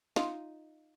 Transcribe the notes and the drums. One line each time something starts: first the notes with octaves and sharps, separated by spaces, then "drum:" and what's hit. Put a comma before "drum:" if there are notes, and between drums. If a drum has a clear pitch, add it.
D#4 F4, drum: snare